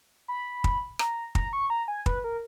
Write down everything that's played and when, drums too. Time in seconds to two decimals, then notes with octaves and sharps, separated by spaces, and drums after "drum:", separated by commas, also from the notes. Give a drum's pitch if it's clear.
0.28 B5
0.64 drum: kick
0.99 A#5, drum: rim click
1.35 A#5, drum: kick
1.53 C#6
1.70 A#5
1.88 G#5
2.06 B4, drum: kick
2.24 A#4